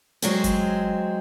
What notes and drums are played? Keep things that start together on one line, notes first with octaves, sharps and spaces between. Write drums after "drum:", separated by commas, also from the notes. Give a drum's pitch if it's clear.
F#3 G#3 C4, drum: hi-hat
drum: kick G1, hi-hat